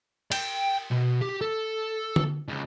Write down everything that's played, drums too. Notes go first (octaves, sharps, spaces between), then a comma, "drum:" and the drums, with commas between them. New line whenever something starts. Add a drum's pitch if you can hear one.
G5, drum: cymbal
B2
G4
A4
drum: tom D3
C#2